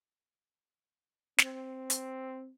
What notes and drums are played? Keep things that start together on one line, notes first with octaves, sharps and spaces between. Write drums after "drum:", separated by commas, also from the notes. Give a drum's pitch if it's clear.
C4, drum: snare
drum: hi-hat